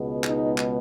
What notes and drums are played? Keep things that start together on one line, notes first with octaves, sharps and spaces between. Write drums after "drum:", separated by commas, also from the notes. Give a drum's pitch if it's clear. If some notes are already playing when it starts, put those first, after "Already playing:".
Already playing: C#2 B2 G#3 B3
D#4, drum: clap
drum: clap